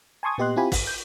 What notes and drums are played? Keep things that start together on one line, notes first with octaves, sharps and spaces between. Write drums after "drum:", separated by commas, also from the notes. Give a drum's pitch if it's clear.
G#5 A5 C6 C#6 D#6 G#6
A#2 B3 G4 D#5 C6 F#6
C4 E4 F4 G4 G#5 B5
G1, drum: kick, open hi-hat
G6